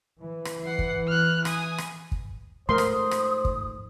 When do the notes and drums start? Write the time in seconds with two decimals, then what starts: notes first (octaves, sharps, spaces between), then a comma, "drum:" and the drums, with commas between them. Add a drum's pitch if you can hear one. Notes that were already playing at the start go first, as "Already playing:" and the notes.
0.20 E3
0.45 drum: rim click
0.65 F#5 C7
0.79 drum: kick
1.08 F6 F#6
1.45 G#5 D#6, drum: rim click
1.78 drum: rim click
2.12 drum: kick
2.69 G#2 F3 A3 A#4 C5 C6 D#6
2.78 drum: rim click
3.11 drum: rim click
3.45 drum: kick